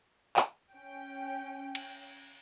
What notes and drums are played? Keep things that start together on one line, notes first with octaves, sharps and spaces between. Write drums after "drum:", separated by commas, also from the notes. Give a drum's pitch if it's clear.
drum: clap
C#4 G5
drum: cymbal